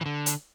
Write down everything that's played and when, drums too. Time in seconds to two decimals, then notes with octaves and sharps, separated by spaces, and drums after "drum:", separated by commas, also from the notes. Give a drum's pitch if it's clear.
0.01 E3
0.06 D3
0.26 drum: hi-hat